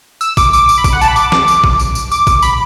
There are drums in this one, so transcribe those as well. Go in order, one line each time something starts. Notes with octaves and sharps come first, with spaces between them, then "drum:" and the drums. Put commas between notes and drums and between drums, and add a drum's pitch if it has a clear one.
E6, drum: tambourine
D6, drum: kick A1, tambourine
D6, drum: tambourine
drum: tambourine
B5
D6, drum: kick A1, tambourine
F#5
A5, drum: tambourine
B5
D6, drum: tambourine
drum: snare
drum: tambourine
drum: kick A1
drum: tambourine
drum: tambourine
D6, drum: tambourine
drum: kick A1, tambourine
B5, drum: tambourine